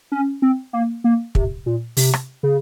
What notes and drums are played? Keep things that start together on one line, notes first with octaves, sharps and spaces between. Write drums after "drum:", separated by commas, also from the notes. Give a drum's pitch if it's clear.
C#4
C4
A#3
A#3
C3, drum: kick
A#2
C3, drum: open hi-hat
drum: rim click
C#3